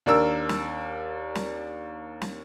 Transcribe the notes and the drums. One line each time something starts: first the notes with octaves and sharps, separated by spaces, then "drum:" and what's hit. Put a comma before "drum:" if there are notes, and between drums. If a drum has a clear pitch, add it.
D#2 D4 A#4 E6
drum: snare
drum: snare
drum: snare